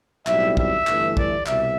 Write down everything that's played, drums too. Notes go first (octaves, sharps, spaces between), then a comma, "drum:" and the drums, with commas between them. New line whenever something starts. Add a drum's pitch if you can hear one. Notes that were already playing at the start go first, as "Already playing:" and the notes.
B1 A2 G3 C4 E5, drum: clap
E5, drum: kick
G1 G2 E3 A3, drum: clap
D5, drum: kick
C2 B2 E5, drum: clap